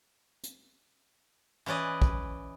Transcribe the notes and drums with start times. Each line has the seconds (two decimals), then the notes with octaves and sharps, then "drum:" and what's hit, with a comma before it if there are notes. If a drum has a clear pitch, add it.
0.43 drum: hi-hat
1.66 E3 C#4 B4 D5 D#5
2.02 drum: kick